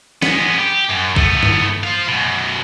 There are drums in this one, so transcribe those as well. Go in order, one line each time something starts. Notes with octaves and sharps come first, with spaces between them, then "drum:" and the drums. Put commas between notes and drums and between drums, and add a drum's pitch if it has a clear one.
G#3 B3, drum: snare
G4
F#2
A3 B3, drum: kick B1
drum: tom G2
C5 F5
F#2 B2